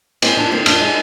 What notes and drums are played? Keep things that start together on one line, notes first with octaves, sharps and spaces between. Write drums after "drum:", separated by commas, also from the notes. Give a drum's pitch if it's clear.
G#3 C4, drum: cymbal
F2 D4
D3 C4
F2 D4, drum: cymbal
G#3